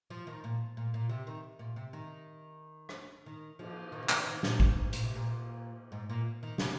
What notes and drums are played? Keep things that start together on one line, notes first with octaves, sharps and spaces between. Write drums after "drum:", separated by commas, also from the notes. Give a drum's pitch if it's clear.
F3
D#3
A#2
A#2
A#2
C3
D#3
A#2
C3
D#3
drum: rim click
D#3
F3, drum: cymbal
D#3
C3
D#3, drum: clap
D#3
A#2, drum: snare
G#2, drum: kick G#1
A#2, drum: hi-hat
C3
A#2
G#2
A#2
D#3
C3, drum: snare